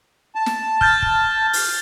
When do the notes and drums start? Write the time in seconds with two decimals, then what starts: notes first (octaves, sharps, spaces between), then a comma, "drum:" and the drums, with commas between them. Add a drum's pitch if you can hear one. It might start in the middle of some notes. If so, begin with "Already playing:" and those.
0.35 A5
0.46 drum: snare
0.81 F6 G6 A6, drum: kick
1.02 drum: kick
1.53 drum: open hi-hat